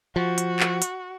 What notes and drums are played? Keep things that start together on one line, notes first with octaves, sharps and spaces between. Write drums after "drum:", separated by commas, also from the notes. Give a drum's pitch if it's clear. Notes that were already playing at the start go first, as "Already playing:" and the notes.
F3 F#4
drum: hi-hat
drum: clap
drum: hi-hat